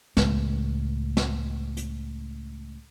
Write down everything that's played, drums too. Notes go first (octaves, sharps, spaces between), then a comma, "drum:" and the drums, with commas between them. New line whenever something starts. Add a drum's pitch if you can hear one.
C#2 A2, drum: snare
drum: snare
drum: hi-hat